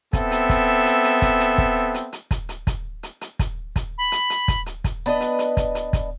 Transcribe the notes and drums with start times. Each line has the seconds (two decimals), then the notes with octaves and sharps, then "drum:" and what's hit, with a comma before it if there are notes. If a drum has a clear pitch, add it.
0.13 B3 C4 A4 E5, drum: kick, hi-hat
0.31 drum: hi-hat
0.49 drum: kick, hi-hat
0.86 drum: hi-hat
1.04 drum: hi-hat
1.22 drum: kick, hi-hat
1.40 drum: hi-hat
1.58 drum: kick
1.94 drum: hi-hat
2.13 drum: hi-hat
2.31 drum: kick, hi-hat
2.49 drum: hi-hat
2.67 drum: kick, hi-hat
3.03 drum: hi-hat
3.21 drum: hi-hat
3.39 drum: kick, hi-hat
3.76 drum: kick, hi-hat
3.98 B5
4.12 drum: hi-hat
4.30 drum: hi-hat
4.48 drum: kick, hi-hat
4.66 drum: hi-hat
4.84 drum: kick, hi-hat
5.06 B3 D4 B4 D#5
5.21 drum: hi-hat
5.39 drum: hi-hat
5.57 drum: kick, hi-hat
5.75 drum: hi-hat
5.93 drum: kick, hi-hat